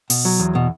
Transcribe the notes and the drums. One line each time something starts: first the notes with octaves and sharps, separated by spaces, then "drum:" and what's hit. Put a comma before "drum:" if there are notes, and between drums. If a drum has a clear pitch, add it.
B2, drum: open hi-hat
F#3
E2
B2